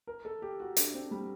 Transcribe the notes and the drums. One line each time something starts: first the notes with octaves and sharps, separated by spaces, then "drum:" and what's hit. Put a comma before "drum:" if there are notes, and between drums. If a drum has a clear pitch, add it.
A#4
A4
G4
F#4
D4, drum: hi-hat
C4
G3